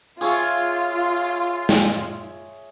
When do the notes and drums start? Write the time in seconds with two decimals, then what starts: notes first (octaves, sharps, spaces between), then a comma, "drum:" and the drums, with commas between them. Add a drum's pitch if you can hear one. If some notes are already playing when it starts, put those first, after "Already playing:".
0.21 F4 G#4 C#5 E5, drum: tambourine
1.69 drum: snare